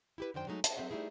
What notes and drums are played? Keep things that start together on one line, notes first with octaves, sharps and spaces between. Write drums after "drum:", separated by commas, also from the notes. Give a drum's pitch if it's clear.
E4 G4 B4
F#2 D#3 D4 C5 G5
F#3 G#3 A3 C#4 D#4 F#4
A5, drum: hi-hat
F#3 C4 G#4 E5 F#5
G3 A3 D#4 E4 G#4